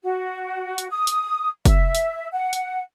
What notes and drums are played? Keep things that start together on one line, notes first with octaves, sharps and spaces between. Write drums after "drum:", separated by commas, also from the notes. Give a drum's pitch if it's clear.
F#4
drum: hi-hat
D#6
drum: hi-hat
E5, drum: kick, hi-hat
drum: hi-hat
F#5
drum: hi-hat